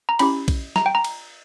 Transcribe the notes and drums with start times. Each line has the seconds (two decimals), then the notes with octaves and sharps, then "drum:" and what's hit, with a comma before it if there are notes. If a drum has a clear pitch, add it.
0.09 A#5
0.19 C#4 E4 G4 B5, drum: cymbal
0.48 drum: kick A#1, cymbal
0.76 A#5, drum: snare
0.86 G5
0.95 A#5
1.04 drum: cymbal